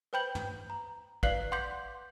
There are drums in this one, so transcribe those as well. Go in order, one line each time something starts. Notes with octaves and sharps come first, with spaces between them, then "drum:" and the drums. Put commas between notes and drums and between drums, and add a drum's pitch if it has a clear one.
B4 C5 G5 B5 G6 F#7
drum: tom
A#5
B4 D5 F5 F#6 C7 F#7, drum: kick
F#5 C6 D6 G6 B6